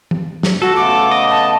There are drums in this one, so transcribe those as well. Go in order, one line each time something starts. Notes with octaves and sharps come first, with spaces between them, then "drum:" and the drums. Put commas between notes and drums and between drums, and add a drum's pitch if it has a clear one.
drum: tom E3
drum: snare
F#4 A4
C#3 A3 B3 D6
D#5
A5